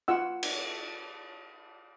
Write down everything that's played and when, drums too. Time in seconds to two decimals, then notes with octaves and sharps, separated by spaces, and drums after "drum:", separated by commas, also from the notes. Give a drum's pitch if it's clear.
0.08 F4 F#5 E6
0.43 drum: cymbal